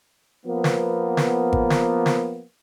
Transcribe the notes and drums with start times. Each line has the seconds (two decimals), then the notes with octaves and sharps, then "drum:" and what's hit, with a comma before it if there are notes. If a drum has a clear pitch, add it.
0.46 F3 A#3 B3
0.64 drum: snare
1.17 drum: snare
1.53 drum: kick G#1
1.70 drum: snare
2.06 drum: snare